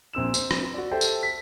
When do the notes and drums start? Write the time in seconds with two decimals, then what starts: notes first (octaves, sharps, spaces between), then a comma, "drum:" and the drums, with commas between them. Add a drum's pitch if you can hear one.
0.13 A#1 C4 E6 E7
0.34 C4, drum: tambourine
0.51 drum: rim click
0.74 F#4 D5
0.91 G4 A4 C5 E5 G5 A5
1.01 drum: tambourine
1.23 B6